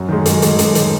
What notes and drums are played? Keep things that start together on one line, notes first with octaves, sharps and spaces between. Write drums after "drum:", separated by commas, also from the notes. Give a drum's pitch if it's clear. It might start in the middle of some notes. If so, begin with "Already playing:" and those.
Already playing: F#2
D#3 G#3
F#2, drum: hi-hat
D#3 G#3, drum: hi-hat
F#2, drum: hi-hat
D#3 G#3, drum: hi-hat